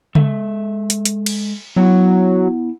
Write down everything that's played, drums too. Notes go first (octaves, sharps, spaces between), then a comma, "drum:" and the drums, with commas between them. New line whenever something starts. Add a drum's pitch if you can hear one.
G#3 A4 E5, drum: tom C#3
drum: hi-hat
drum: hi-hat
drum: cymbal
F#3 B3 E4 F#5